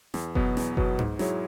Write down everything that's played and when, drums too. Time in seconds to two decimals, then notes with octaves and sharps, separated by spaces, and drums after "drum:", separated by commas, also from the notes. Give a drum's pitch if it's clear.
0.14 E2, drum: snare
0.35 B2 F#3 B3, drum: kick F#1
0.57 E2, drum: snare
0.77 B2 F#3 B3, drum: kick F#1
0.99 G#2, drum: tom G#2
1.19 F#3 E4 G#4 C#5, drum: snare